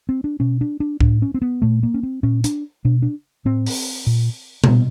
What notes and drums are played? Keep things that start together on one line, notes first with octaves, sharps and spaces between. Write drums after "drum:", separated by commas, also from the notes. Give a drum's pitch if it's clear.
C4
D4
B2 C#4
D4
D4
A2 D4, drum: kick C#2
C#4
C4
B3
A#2 A3
A#3
C#4
C4
A#2 C#4
D4, drum: hi-hat
B2 D4
D4
A2 C4
drum: open hi-hat
A#2
A#3, drum: tom A#2
B2 B3